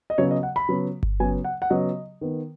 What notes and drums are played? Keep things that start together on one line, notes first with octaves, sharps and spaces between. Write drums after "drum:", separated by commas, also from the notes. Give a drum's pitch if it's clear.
D#5
C#3 F#3 B3 C#5
D#5
F#5
B5
C#3 F#3 B3
drum: kick G1
C#3 F#3 B3 G#5
F#5
F#5
C#3 F#3 B3 D#5
D#3 B3